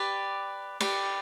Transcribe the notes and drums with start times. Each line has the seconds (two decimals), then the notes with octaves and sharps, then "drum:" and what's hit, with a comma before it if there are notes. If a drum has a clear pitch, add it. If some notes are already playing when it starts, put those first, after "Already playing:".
Already playing: G4 B4 D5
0.80 G4 B4 D5, drum: cymbal